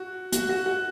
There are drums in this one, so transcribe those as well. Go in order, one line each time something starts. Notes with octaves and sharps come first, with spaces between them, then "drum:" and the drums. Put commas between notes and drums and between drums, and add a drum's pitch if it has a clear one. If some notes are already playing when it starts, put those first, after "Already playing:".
Already playing: F#4
F#4, drum: hi-hat
F#4
F#4